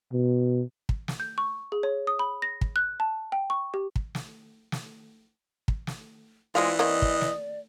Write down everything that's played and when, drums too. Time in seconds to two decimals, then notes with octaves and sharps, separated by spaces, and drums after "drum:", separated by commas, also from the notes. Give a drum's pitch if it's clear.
0.12 B2
0.89 drum: kick
1.08 drum: snare
1.20 G6
1.38 C#6
1.72 G#4
1.83 C#5
2.07 D#6
2.19 B5
2.42 A#6
2.61 drum: kick
2.76 F#6
3.00 A5
3.32 G5
3.50 C#6
3.74 G4
3.96 drum: kick
4.15 drum: snare
4.72 drum: snare
5.68 drum: kick
5.87 drum: snare
6.55 E3 G#3 C4 F4 D5 F5
6.79 A#3 C4 C#4 D#5
7.02 drum: kick
7.21 drum: snare